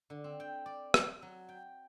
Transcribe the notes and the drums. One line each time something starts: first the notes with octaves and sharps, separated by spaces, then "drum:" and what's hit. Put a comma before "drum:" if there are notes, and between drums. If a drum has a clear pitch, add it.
D3
C4
G5
D5
drum: rim click
F#3
G5